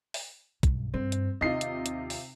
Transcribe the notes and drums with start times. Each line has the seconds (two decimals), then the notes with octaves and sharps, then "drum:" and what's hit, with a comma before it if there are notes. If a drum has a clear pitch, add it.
0.14 drum: open hi-hat
0.63 B1 G2, drum: kick, hi-hat
0.94 G2 C4
1.12 drum: hi-hat
1.41 D#2 C3 D#4 F4 D#5 C7
1.61 drum: hi-hat
1.86 drum: hi-hat
2.10 drum: open hi-hat